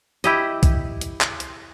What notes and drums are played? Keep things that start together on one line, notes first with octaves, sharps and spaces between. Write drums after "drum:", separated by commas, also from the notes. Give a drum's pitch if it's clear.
E4 G4 D#5, drum: hi-hat
drum: kick B1, hi-hat
drum: hi-hat
drum: clap
drum: hi-hat